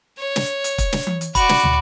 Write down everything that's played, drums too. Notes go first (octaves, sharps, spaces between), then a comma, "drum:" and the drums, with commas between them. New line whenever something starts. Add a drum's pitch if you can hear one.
C#5
drum: snare
drum: hi-hat
drum: kick, hi-hat
drum: snare
drum: tom E3
drum: hi-hat
F#4 D5 B5 F#7, drum: kick, hi-hat
drum: snare
drum: tom